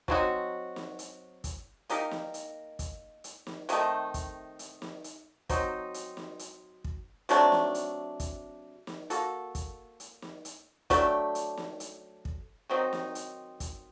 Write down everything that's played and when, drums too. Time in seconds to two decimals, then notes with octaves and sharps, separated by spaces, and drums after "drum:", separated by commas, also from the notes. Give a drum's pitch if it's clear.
0.08 F#3 C4 D#4 F#4, drum: kick
0.76 drum: snare
0.99 drum: hi-hat
1.44 drum: kick, hi-hat
1.89 A#3 D#4 G4 A#4, drum: hi-hat
2.11 drum: snare
2.34 drum: hi-hat
2.79 drum: kick, hi-hat
3.24 drum: hi-hat
3.47 drum: snare
3.69 C3 D#3 A3 D#4, drum: hi-hat
4.14 drum: kick, hi-hat
4.59 drum: hi-hat
4.82 drum: snare
5.04 drum: hi-hat
5.49 F#3 C4 D#4, drum: kick, hi-hat
5.94 drum: hi-hat
6.17 drum: snare
6.39 drum: hi-hat
6.84 drum: kick
7.29 C3 F#3 A3 D4, drum: hi-hat
7.52 drum: snare
7.75 drum: hi-hat
8.20 drum: kick, hi-hat
8.87 drum: snare
9.10 A#3 F#4 A4, drum: hi-hat
9.55 drum: kick, hi-hat
10.00 drum: hi-hat
10.22 drum: snare
10.45 drum: hi-hat
10.90 F#3 A3 D4 G4, drum: kick, hi-hat
11.35 drum: hi-hat
11.57 drum: snare
11.80 drum: hi-hat
12.25 drum: kick
12.70 D#3 F#3 C4 D#4
12.93 drum: snare
13.15 drum: hi-hat
13.60 drum: kick, hi-hat